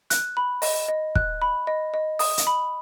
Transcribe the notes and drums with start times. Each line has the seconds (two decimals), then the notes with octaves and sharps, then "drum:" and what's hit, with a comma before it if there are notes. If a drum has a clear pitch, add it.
0.10 F#6, drum: hi-hat
0.37 B5
0.62 D#5, drum: open hi-hat
0.89 D#5
1.16 F#6, drum: kick
1.42 B5
1.67 D#5
1.94 D#5
2.19 D#6, drum: open hi-hat
2.37 drum: hi-hat
2.47 B5